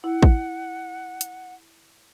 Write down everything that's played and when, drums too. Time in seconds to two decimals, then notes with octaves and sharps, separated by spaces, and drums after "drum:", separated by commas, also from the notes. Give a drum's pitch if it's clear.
0.04 E4 F#5
0.23 drum: kick
1.21 drum: hi-hat